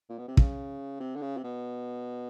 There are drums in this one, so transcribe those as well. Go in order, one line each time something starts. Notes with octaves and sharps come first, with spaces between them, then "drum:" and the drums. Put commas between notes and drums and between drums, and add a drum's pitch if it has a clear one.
A#2
B2
C3
C#3, drum: kick
C3
D3
C#3
C3
B2